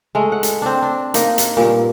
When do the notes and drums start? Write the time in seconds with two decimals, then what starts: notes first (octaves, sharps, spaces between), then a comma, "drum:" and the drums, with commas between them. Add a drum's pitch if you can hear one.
0.15 G#3 A3
0.32 F#5
0.43 drum: hi-hat
0.62 C4 D4
0.82 D4
1.14 A#3 D#4, drum: hi-hat
1.38 drum: hi-hat
1.57 G2 A#2